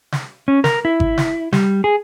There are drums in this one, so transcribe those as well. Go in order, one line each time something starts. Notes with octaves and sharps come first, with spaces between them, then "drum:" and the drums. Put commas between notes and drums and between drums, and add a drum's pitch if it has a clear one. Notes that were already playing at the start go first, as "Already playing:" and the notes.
drum: snare
C#4
A#4, drum: snare
E4
drum: kick G#1
drum: snare
G3, drum: snare
G#4